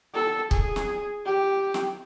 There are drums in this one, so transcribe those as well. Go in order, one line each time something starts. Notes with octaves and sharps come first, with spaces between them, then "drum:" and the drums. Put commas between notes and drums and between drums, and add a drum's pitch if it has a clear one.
A4
G#4, drum: kick
drum: snare
G4
drum: snare